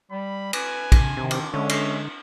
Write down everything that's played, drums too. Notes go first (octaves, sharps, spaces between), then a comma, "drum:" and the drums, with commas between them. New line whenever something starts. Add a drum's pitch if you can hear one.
G3 B5
B4 G#5, drum: cymbal
drum: kick A#1, cymbal
C3 D#3
drum: cymbal
D3 G#3 C#4 E5
drum: cymbal